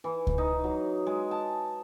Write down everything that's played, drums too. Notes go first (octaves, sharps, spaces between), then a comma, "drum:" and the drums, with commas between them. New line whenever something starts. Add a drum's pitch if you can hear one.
E3
drum: kick C#2
D#4
F#3
G#3
A5